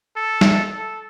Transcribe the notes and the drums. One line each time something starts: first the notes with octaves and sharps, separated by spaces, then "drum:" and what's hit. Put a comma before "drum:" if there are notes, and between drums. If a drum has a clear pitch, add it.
A4
drum: snare
A4